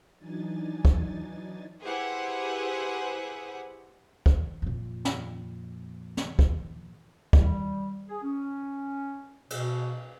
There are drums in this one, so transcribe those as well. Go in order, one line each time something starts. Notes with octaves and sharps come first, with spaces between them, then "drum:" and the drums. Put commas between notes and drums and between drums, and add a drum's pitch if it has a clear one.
E3 F#3 D4 D#4 G#5 A6
drum: kick
E4 G4 G#4 B4 C5 F#5
drum: kick
F2 A#2
drum: snare
drum: snare
drum: kick
G3, drum: kick
G#4
C#4
B2, drum: cymbal